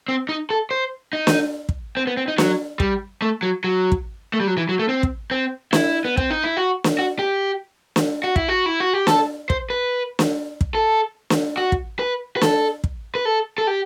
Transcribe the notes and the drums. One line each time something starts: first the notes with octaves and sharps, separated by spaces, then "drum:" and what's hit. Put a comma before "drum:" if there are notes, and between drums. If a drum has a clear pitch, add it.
C4
D#4
A4
C5
D#4
drum: snare
drum: kick
C4
B3
C4
D#4
F#3, drum: snare
G3, drum: kick
A3
F#3
F#3
drum: kick
A3
G3
F#3
E3
F#3
A3
C4
drum: kick
C4
E4, drum: snare
B3
C4, drum: kick
D#4
E4
F#4
drum: snare
F#4
G4
drum: snare
F#4
E4, drum: kick
F#4
E4
F#4
G4
A4, drum: snare
C5, drum: kick
B4
drum: snare
drum: kick
A4
drum: snare
F#4
drum: kick
B4
B4
A4, drum: snare
drum: kick
B4
A4
A4
G4